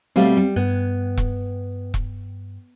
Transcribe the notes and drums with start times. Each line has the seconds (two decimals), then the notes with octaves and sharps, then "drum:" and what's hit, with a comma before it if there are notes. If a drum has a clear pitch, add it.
0.16 B2 G3 A3 C4 F5
0.37 G3
0.56 G2 B3
1.17 drum: kick E1
1.94 drum: kick E1